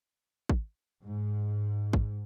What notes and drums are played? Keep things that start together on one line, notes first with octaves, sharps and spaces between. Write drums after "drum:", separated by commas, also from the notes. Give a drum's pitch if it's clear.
drum: kick
G#2
drum: kick